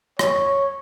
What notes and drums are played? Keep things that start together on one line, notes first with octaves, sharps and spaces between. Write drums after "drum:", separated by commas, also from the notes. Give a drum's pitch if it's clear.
C#5, drum: rim click